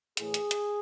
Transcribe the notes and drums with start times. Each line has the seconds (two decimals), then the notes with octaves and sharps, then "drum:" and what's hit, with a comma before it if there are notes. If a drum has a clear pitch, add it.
0.17 A2 E3 G#4, drum: hi-hat
0.34 drum: hi-hat
0.51 drum: hi-hat